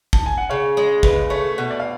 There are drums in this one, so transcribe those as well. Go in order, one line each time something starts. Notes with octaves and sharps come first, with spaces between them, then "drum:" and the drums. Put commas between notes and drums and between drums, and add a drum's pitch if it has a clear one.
A5, drum: kick
G#5
F#5
C#3 C#5 F5
G#3 C#5
C#3 B4, drum: kick
A3 C#5
B2
D5
F5